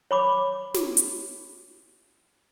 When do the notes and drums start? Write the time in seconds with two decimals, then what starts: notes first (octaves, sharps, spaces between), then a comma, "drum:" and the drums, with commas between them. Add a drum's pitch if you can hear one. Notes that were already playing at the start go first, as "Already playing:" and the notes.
0.11 C#5 B5 D6
0.74 drum: snare
0.97 drum: hi-hat